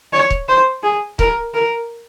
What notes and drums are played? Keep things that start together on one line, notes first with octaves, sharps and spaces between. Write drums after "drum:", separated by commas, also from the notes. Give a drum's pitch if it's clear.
C#5
drum: kick
C5
G#4
A#4, drum: kick
A#4